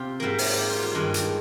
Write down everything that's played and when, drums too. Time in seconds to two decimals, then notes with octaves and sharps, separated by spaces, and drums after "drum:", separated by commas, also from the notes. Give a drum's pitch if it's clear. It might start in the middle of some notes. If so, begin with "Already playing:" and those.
Already playing: C3 F4 G4
0.20 G#2 G3 A#3
0.38 drum: open hi-hat
0.58 G4
0.70 F4
0.83 F4
0.95 G2 D#3 G#3 D4
1.14 drum: hi-hat